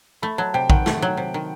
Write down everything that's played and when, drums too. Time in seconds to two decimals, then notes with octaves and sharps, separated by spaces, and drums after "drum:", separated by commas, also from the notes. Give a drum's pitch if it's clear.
0.22 A3 B5
0.38 F#3 A5
0.54 C3 G5
0.70 D#3 F#5, drum: kick A#1
0.86 A3, drum: snare
1.02 F#3
1.17 C3
1.34 D#3